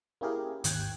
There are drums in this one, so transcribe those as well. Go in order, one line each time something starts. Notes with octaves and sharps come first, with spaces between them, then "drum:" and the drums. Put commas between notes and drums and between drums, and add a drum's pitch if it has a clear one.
A#3 C#4 E4 G4 G#4 A#4
G#1 D#2 G5 F#6 G#6, drum: hi-hat